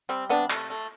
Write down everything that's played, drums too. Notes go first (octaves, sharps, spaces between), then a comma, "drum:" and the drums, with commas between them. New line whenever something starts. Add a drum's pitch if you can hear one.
G3 C4
C3 B3 D4
A3, drum: clap
A3